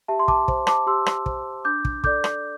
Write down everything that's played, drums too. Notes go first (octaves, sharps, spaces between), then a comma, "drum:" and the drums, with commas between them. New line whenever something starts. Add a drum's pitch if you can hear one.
G4 E5 A5
C6
A5 D6, drum: kick
C5, drum: kick
A5 D6, drum: rim click
G4 C6 E6
drum: rim click
C5, drum: kick
D4 D6 G6
drum: kick
A4 D5 D6 G6, drum: kick
drum: rim click